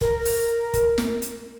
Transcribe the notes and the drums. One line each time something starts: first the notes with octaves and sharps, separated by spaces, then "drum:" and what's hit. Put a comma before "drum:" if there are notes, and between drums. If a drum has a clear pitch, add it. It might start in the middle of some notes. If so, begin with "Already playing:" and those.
A#4, drum: kick
drum: open hi-hat
drum: kick, hi-hat
drum: snare
drum: hi-hat